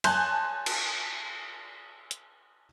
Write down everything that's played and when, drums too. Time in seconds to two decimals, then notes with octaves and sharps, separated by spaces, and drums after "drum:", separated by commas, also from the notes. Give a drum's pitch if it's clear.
0.04 G#5 A5 C6 F#6 G6, drum: cymbal
0.66 drum: cymbal
2.11 drum: hi-hat